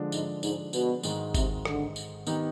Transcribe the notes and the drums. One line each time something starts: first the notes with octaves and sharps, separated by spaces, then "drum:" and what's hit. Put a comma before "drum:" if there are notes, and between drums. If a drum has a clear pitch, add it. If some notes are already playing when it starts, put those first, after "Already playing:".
Already playing: D3 F3 G#3 D4
G#2, drum: tambourine
G#2, drum: tambourine
B2, drum: tambourine
G#2 D#3 G#3, drum: tambourine
C3, drum: kick G1, tambourine
D3, drum: rim click
drum: tambourine
D#3 B3 D#4 G4, drum: tambourine